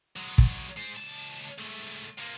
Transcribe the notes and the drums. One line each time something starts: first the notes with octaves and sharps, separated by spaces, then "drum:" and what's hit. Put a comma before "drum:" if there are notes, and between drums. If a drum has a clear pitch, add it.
F#3 G#3
drum: kick
G#3 C5
C#2 A5
G#2 A3
C3 A#3